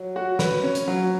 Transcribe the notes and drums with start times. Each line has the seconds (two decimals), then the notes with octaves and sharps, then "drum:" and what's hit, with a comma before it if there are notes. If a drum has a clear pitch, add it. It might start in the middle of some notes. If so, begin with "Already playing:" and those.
Already playing: F#3
0.16 F#4
0.39 B4, drum: snare
0.63 C#4
0.75 drum: hi-hat
0.88 F#3